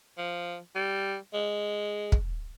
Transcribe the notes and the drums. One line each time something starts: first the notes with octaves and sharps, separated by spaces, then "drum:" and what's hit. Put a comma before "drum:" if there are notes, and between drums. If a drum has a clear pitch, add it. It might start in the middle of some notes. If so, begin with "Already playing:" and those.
F3
G3
G#3
drum: kick